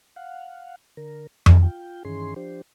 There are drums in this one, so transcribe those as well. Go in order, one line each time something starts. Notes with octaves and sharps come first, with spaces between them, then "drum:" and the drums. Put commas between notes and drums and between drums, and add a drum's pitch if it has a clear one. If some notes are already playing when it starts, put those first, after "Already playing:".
F5 F#5
D3 A#4
A4 D5 E5 G#5 A#5, drum: tom F2
F4 G5
G2 D#3 E3 C#4 G#4 C6
F3 D4 G4 C5